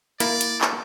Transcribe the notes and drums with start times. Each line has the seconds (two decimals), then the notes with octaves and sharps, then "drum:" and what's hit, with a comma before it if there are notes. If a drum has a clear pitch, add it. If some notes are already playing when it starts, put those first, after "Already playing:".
0.20 A#3 E4 D5, drum: hi-hat
0.41 drum: hi-hat
0.61 drum: clap